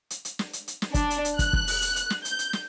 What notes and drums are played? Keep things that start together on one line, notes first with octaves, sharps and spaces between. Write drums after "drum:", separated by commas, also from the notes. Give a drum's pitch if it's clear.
drum: hi-hat
drum: hi-hat
drum: snare
drum: hi-hat
drum: hi-hat
drum: snare
D4, drum: kick, hi-hat
drum: hi-hat
drum: hi-hat
F#6, drum: kick, hi-hat
drum: kick
drum: open hi-hat
drum: hi-hat
drum: hi-hat
drum: snare
G6, drum: hi-hat
drum: hi-hat
drum: snare